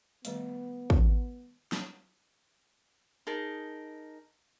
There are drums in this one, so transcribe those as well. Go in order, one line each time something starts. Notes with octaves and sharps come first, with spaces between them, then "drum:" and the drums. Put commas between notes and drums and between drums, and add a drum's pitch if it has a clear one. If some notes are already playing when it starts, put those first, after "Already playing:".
D#3 G3 A3 B3, drum: hi-hat
drum: kick
drum: snare
D#4 G#4 A#4 A5